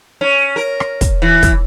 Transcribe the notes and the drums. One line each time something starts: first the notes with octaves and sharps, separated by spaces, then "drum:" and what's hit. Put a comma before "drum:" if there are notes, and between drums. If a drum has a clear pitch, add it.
C#4
A#4
drum: rim click
drum: kick, hi-hat
E3
drum: kick, hi-hat